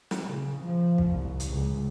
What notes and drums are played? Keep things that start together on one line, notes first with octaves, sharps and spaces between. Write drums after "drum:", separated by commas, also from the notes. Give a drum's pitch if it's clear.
drum: snare
C#3
F3
drum: kick
C2
drum: hi-hat
C#2